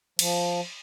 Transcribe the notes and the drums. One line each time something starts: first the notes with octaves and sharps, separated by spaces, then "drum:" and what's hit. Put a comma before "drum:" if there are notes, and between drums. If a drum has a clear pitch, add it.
F3, drum: cymbal